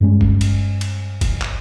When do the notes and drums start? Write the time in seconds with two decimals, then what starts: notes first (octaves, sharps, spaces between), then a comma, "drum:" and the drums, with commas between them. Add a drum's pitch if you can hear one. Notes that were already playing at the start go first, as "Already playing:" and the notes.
0.01 G2 G#3 C#4
0.21 drum: kick
0.41 drum: cymbal
0.81 drum: cymbal
1.21 drum: kick, cymbal
1.41 drum: clap